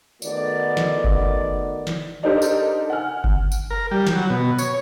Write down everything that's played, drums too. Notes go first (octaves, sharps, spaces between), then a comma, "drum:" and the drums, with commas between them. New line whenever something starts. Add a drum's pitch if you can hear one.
D#3 A3 B3 F#4 D5, drum: tambourine
drum: snare
drum: kick F#1
drum: snare
D4 D#4 G4 A4 A#4 C5
drum: tambourine
F#5 G#5 F6
drum: kick F#1
drum: tambourine
A#4
G3
drum: snare
F#3
B2
C#5, drum: tambourine